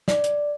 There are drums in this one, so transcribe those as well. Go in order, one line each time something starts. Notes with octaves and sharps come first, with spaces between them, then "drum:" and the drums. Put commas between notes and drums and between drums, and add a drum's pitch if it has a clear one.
D5, drum: snare
drum: hi-hat